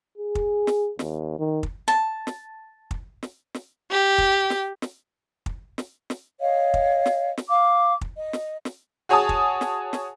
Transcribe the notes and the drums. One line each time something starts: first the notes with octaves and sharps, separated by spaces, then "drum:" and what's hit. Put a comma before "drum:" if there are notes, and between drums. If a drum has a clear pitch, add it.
G#4
drum: kick
drum: snare
D#2, drum: snare
D#3
drum: kick
A5
drum: snare
drum: kick
drum: snare
drum: snare
G4
drum: kick
drum: snare
drum: snare
drum: kick
drum: snare
drum: snare
C#5 D#5 F5
drum: kick
drum: snare
drum: snare
F5 D6
drum: kick
D#5
drum: snare
drum: snare
F#4 G#4 C#5 G#5 A5 D#6
drum: kick
drum: snare
drum: snare